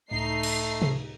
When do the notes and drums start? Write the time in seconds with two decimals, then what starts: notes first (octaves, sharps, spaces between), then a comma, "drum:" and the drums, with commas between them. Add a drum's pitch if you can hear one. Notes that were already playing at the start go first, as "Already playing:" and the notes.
0.11 C#2 A2 A3 D#4 C7
0.43 drum: cymbal
0.82 drum: tom C3